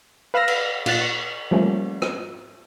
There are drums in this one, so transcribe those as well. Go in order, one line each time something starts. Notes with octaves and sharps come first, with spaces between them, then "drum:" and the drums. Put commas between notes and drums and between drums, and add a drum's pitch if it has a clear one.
B4 F5 B5 E6 F6 A#6
drum: cymbal
A#2 F4 F#6 A6, drum: cymbal
C#6
F3 G3 A3 A#3 C#4
drum: rim click